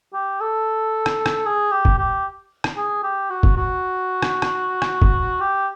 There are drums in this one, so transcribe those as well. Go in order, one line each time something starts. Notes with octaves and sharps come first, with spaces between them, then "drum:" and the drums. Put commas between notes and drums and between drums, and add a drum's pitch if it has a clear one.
G4
A4
drum: rim click
drum: rim click
G#4
G4
drum: kick
G4
drum: rim click
G#4
G4
F#4
drum: kick
F#4
drum: rim click
drum: rim click
drum: rim click
drum: kick
G4